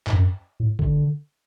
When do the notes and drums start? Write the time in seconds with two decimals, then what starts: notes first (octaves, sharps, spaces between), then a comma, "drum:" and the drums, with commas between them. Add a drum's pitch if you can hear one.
0.07 G#2, drum: clap
0.13 F#2
0.60 A2
0.79 D3, drum: kick G#1